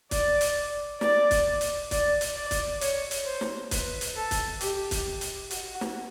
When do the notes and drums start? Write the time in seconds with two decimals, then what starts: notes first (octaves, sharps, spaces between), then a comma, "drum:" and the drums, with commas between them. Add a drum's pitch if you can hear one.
0.11 D5, drum: kick, hi-hat
0.41 drum: hi-hat
1.01 D5, drum: snare
1.31 drum: kick, hi-hat
1.61 drum: hi-hat
1.91 D5, drum: kick, hi-hat
2.21 drum: hi-hat
2.36 D5
2.51 drum: kick, hi-hat
2.81 C#5, drum: hi-hat
3.11 drum: hi-hat
3.26 C5
3.41 drum: snare
3.71 B4, drum: kick, hi-hat
4.01 drum: hi-hat
4.16 A4
4.31 drum: kick, hi-hat
4.61 G4, drum: hi-hat
4.91 drum: kick, hi-hat
5.21 drum: hi-hat
5.51 F#4, drum: hi-hat
5.81 drum: snare